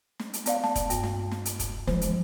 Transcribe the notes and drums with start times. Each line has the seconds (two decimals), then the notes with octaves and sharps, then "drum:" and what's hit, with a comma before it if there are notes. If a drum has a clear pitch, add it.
0.19 drum: snare
0.33 drum: hi-hat
0.46 B3 D5 F5, drum: hi-hat
0.64 A5, drum: snare
0.75 drum: kick E1, hi-hat
0.90 G2, drum: hi-hat
1.03 drum: snare
1.31 drum: snare
1.45 drum: hi-hat
1.59 drum: kick E1, hi-hat
1.87 F3 G#3 C5, drum: snare
2.01 drum: hi-hat